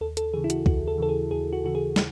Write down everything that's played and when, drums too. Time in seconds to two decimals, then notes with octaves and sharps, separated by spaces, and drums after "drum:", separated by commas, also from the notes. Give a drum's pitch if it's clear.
0.01 D#2 A4
0.17 A4, drum: hi-hat
0.34 C#3 E3 G#4
0.44 E4
0.50 F#4, drum: hi-hat
0.66 D#2 F#4, drum: kick C2
0.88 A4
0.98 C#3 E3 A4
1.09 G#4
1.31 D#2 G#4
1.53 F#4
1.64 C#3 E3 F#4
1.75 G#4
1.96 drum: snare